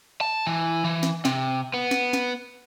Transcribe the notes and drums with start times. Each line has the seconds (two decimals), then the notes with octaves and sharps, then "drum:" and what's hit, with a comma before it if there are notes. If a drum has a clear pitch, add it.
0.21 A5
0.47 E3
0.85 E3
1.03 drum: snare
1.25 C3, drum: snare
1.74 B3
1.91 drum: snare
2.13 drum: snare